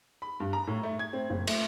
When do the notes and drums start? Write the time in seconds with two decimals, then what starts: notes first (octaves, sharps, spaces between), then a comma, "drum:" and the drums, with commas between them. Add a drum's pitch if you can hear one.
0.22 B5
0.40 G2
0.53 A#5
0.67 A2
0.83 A3
0.99 G#6
1.13 C4
1.30 F#1
1.47 A3, drum: cymbal